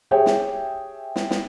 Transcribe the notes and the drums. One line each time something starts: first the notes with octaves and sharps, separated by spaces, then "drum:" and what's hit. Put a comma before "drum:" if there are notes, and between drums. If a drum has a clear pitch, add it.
G4 G#4 C#5 E5 G5
drum: snare
drum: snare
drum: snare